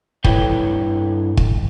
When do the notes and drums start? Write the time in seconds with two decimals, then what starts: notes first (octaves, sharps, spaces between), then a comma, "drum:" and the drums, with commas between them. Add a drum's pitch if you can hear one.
0.24 G2 E4 A4 B4 C#5 G5, drum: kick
1.37 drum: kick